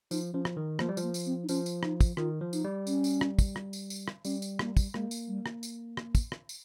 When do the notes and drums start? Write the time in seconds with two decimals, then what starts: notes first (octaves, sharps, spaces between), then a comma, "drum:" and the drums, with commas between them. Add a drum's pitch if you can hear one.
0.11 F3 D#4, drum: tambourine
0.33 F3 C#4
0.45 drum: rim click
0.57 D#3
0.79 F3 A#3, drum: rim click
0.89 G3
0.97 F3, drum: tambourine
1.03 A#3
1.14 drum: tambourine
1.26 C4
1.44 D#4
1.49 F3 C#4, drum: tambourine
1.66 drum: tambourine
1.83 D#4, drum: rim click
2.00 drum: kick, tambourine
2.17 D#3 F4, drum: rim click
2.41 F3
2.53 D#4, drum: tambourine
2.64 G3
2.87 C#4, drum: tambourine
3.04 drum: tambourine
3.21 drum: rim click
3.39 drum: kick, tambourine
3.56 drum: rim click
3.73 drum: tambourine
3.90 drum: tambourine
4.08 drum: rim click
4.25 G3 C#4, drum: tambourine
4.42 drum: tambourine
4.59 A#3, drum: rim click
4.77 drum: kick, tambourine
4.94 G#3 A#3, drum: rim click
5.11 drum: tambourine
5.28 G3
5.46 drum: rim click
5.63 drum: tambourine
5.97 drum: rim click
6.15 drum: kick, tambourine
6.32 drum: rim click
6.49 drum: tambourine